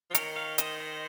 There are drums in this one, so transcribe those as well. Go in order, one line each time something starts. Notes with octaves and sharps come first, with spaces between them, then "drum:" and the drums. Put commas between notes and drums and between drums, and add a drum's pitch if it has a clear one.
F3
D#3 A#4 C#5, drum: hi-hat
C#5 F5
C5 D#5, drum: hi-hat
C5 D#5